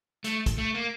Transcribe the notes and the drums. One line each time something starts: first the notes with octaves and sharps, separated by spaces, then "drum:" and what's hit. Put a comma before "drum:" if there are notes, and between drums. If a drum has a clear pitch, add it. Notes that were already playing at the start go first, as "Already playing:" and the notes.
A3, drum: hi-hat
drum: kick, hi-hat
A3
A#3